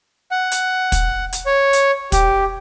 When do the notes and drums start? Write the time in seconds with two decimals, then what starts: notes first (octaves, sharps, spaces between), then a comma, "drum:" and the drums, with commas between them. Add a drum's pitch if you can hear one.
0.31 F#5
0.52 drum: hi-hat
0.92 drum: kick, hi-hat
1.33 drum: hi-hat
1.46 C#5
1.73 drum: hi-hat
2.12 G4, drum: kick, hi-hat